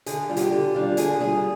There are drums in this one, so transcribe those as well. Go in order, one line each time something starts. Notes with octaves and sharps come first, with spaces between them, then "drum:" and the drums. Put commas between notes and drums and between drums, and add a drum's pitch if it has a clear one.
D3 G#4, drum: hi-hat
G3 D4 F4
G4, drum: hi-hat
D3
G3 D4 F4
D3 G#4, drum: hi-hat
G3 D4 F4 G#4